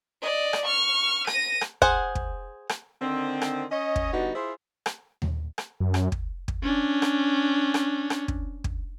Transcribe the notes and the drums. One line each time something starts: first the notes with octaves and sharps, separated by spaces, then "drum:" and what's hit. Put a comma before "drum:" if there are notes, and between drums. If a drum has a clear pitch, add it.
D5 D#5
drum: rim click
C#6 F6
A#6 D#7, drum: rim click
drum: rim click
G#4 C5 F#5, drum: kick
drum: kick
drum: rim click
D3 D#3 C4
drum: rim click
C#4 C#5 D#5
drum: kick
D3 G3 B3 D#4 F#4
E4 F4 G#4 C5
drum: rim click
drum: tom D#2
drum: rim click
F#2
drum: rim click
drum: kick
drum: kick
C#4 D4
drum: rim click
drum: rim click
drum: rim click
drum: kick
drum: kick